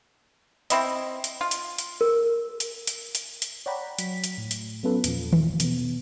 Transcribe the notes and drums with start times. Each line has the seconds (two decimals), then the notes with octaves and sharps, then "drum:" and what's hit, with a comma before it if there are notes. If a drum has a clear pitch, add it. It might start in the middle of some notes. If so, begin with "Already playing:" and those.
0.70 C4 E4 D#5, drum: hi-hat
1.24 drum: hi-hat
1.41 F4
1.51 drum: hi-hat
1.78 drum: hi-hat
2.01 A#4
2.60 drum: hi-hat
2.87 drum: hi-hat
3.15 drum: hi-hat
3.42 drum: hi-hat
3.66 C#5 D5 F#5 G5 A#5 B5
3.99 F#3 B6, drum: hi-hat
4.24 drum: hi-hat
4.38 A2
4.51 drum: hi-hat
4.83 F#3 B3 C#4 F4 A4 B4
5.04 E2 A#2 F3, drum: hi-hat
5.33 drum: tom D#3
5.60 B2 B3, drum: hi-hat